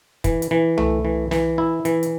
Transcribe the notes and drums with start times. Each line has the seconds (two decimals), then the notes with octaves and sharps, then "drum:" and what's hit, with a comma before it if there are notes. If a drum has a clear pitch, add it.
0.24 E3, drum: kick, hi-hat
0.42 drum: hi-hat
0.51 E3
0.78 A3, drum: tom C2
1.05 E3
1.31 E3, drum: snare
1.58 E4
1.85 E3, drum: hi-hat
2.03 drum: hi-hat